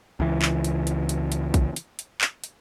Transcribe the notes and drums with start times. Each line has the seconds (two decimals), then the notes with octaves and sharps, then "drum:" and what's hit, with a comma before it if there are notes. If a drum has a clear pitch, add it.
0.20 C#2 E3
0.42 drum: clap
0.64 drum: hi-hat
0.87 drum: hi-hat
1.09 drum: hi-hat
1.32 drum: hi-hat
1.54 drum: kick, hi-hat
1.76 drum: hi-hat
1.99 drum: hi-hat
2.21 drum: clap
2.44 drum: hi-hat